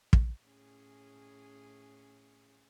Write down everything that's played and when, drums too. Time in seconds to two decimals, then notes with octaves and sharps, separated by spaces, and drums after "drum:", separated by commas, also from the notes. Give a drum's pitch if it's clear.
0.13 drum: kick
0.43 A2 C#4 G#4